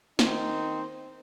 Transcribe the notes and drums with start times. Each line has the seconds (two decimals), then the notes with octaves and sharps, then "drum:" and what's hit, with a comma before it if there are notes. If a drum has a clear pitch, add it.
0.19 D#3 C4 D#4, drum: snare